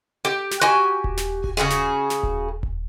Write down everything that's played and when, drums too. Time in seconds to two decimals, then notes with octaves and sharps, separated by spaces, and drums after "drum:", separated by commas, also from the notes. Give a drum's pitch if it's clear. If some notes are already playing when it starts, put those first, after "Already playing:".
0.25 G4
0.51 drum: snare
0.61 F#4 G4 G#5
1.04 drum: kick D#1
1.17 drum: snare
1.44 drum: kick D#1
1.57 C#3 E3 F#4 G#4
1.70 drum: snare
2.10 drum: snare
2.23 drum: kick D#1
2.63 drum: kick D#1